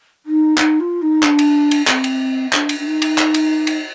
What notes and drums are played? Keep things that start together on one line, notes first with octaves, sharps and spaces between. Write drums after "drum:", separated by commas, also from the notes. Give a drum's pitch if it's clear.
D#4
D#4, drum: clap
F4
D#4
D4, drum: clap
drum: cymbal
drum: cymbal
C4, drum: clap
drum: cymbal
D4, drum: clap
drum: cymbal
D4
D#4
drum: cymbal
drum: clap
drum: cymbal
drum: cymbal